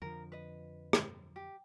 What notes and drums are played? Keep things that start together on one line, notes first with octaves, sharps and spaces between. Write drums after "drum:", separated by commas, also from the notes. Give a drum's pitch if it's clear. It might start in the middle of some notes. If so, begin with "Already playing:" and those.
F2 D3 F3 A#4
B4 D#5
drum: rim click
G4